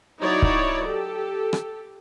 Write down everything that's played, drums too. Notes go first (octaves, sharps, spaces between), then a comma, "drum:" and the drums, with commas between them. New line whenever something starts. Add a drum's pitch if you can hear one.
F#3 D#4 E4 C#5 D5
drum: kick
G4 A4
drum: rim click